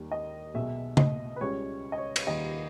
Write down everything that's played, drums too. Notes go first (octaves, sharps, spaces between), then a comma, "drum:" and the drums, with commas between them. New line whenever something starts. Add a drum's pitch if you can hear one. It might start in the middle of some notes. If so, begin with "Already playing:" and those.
Already playing: D#2 D#3 G3
D#5
B1 B2 G#3 E5
D#5, drum: tom C#3
B4
C#2 C#3 G3 C#5
D#5
C#5
C#5, drum: cymbal
D#2 D#3 G3 D#5